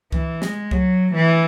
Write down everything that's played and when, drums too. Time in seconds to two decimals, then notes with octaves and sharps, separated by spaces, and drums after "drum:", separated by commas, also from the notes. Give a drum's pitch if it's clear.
0.12 E3, drum: kick C#2
0.42 G#3, drum: snare
0.71 F#3, drum: kick C#2
1.15 E3